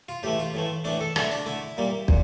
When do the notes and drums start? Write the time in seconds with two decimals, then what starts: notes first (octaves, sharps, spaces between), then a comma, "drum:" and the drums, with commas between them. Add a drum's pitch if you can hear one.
0.09 F4
0.23 A2 E3 A3 G4
0.39 F4
0.54 A2 E3 A3
0.84 A2 E3 A3 D4
1.01 A4
1.16 D3 A3 E4, drum: rim click
1.31 D4
1.46 D3 A3 E4
1.77 A#2 G3 A#3
2.08 A#2, drum: kick